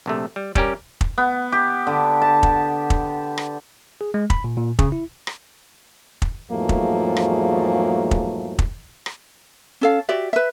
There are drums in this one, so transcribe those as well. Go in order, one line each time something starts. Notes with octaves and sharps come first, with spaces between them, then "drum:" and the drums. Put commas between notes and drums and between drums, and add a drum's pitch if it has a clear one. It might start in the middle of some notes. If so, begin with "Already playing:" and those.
A#1 C3 A3
G3
G3 C#4 G4 A#4, drum: kick
drum: kick
B3
G4
D3
A5
drum: kick
drum: kick
drum: rim click
G#4
G#3
B5, drum: kick
A#2
A#2
C#3, drum: kick
E4
drum: rim click
drum: kick
E2 G#2 F3 F#3 A3 A#3
drum: kick
drum: rim click
drum: kick
drum: kick
drum: rim click
C#4 A4 F5
F#4 G4 D5 E5
B4 E5